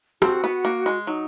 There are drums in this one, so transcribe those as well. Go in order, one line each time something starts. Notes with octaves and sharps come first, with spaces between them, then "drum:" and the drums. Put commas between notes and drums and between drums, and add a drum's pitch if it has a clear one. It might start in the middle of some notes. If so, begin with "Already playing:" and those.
C4 F#4, drum: rim click
B3
A#3
G#3
F#3 D#4